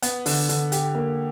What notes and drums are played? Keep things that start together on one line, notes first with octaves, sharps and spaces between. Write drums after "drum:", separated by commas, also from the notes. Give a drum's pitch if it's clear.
B3, drum: hi-hat
D3, drum: open hi-hat
D3, drum: hi-hat
G4, drum: hi-hat
A#3